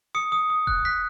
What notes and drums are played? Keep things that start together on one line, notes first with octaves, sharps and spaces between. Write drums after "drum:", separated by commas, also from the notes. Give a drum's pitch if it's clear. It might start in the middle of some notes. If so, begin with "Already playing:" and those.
D#6 C#7
D#6
D#6
F#6, drum: kick D#1
F#6 B6